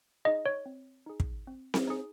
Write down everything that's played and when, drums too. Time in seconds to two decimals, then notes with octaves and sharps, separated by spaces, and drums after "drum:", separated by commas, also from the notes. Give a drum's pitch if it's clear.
0.25 D#4 G#4 D#5
0.46 C#5
0.66 C4
1.06 D#4 G#4
1.20 drum: kick
1.47 C4
1.74 drum: snare C4
1.87 D#4 G#4